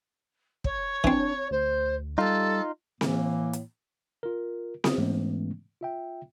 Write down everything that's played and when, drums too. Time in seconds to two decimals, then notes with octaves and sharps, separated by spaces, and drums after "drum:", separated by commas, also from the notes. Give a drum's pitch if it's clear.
0.64 C#5, drum: kick
1.04 E3 C4 D4, drum: kick
1.51 D2 C5
2.18 G3 D#4 F4 A4
3.01 A2 E3 A#3, drum: snare C4
3.53 drum: hi-hat
4.23 F4 A#4
4.84 B3 F4 G4 D#6, drum: snare C4
4.98 G#2 E3 G#3 A3 B3 C#4
5.81 F4 E5 G5